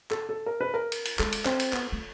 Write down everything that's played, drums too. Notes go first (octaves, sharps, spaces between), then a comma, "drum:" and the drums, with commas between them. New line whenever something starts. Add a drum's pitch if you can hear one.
A4, drum: clap
A4
A#4
B4
A#4
drum: cymbal
drum: cymbal
G#3 A4, drum: clap
drum: cymbal
C4, drum: clap
drum: cymbal
B3, drum: clap
A3